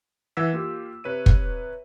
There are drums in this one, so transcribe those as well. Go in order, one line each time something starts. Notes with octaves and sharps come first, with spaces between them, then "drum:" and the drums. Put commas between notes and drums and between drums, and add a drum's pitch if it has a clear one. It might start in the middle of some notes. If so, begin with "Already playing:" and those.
E3 F#5 E6 B6
A#3 F4 G4
C3 B4 C#5 D#7
drum: kick